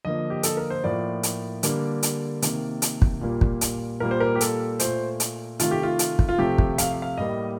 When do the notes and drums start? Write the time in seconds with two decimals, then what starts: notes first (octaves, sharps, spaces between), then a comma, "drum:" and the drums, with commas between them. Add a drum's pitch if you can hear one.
0.05 D3 F3 A#3 D#5
0.30 G4
0.43 A4, drum: hi-hat
0.57 A#4
0.70 C5
0.84 A2 F3 A#3 D5
1.23 drum: hi-hat
1.63 D3 G3 A#3, drum: hi-hat
2.03 drum: hi-hat
2.42 C3 D#3 A#3, drum: hi-hat
2.82 drum: hi-hat
3.02 drum: kick
3.21 A#2 G3 A#3
3.41 drum: kick
3.61 drum: hi-hat
4.00 A#2 G3 A#3 A#4
4.11 C5
4.20 A#4
4.35 G4
4.41 A4, drum: hi-hat
4.80 A#2 A3 C5, drum: hi-hat
5.20 drum: hi-hat
5.59 C3 D#3 A3 F4, drum: hi-hat
5.71 G4
5.83 F4
5.99 drum: hi-hat
6.19 drum: kick
6.29 F4
6.38 C3 F3 A3 G4
6.58 drum: kick
6.78 F5, drum: hi-hat
7.02 F5
7.18 A2 G3 A#3 D#5